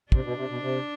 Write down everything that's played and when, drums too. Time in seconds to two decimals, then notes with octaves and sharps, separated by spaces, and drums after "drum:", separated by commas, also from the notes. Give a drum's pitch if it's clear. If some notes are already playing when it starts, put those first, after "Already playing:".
0.12 C3 D4, drum: kick
0.25 B2
0.37 C3
0.49 B2
0.62 C3